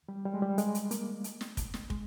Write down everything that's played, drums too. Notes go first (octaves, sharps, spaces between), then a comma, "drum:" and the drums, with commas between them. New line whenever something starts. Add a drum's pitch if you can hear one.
G3
G3
G#3
G3
G#3, drum: hi-hat
drum: hi-hat
A#3, drum: hi-hat
drum: hi-hat
drum: snare
drum: kick, hi-hat
drum: snare
G#3, drum: kick